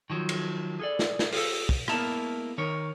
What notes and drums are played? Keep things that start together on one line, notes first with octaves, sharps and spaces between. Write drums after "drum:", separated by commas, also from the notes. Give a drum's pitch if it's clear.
D#3 F3 F#3
drum: cymbal
G#4 A4 D5
drum: snare
drum: snare
F4 G#4 A4, drum: open hi-hat
drum: kick
G#3 A#3 B3 E4 A#4 A5, drum: rim click
D#3 D#4 A#4 C#5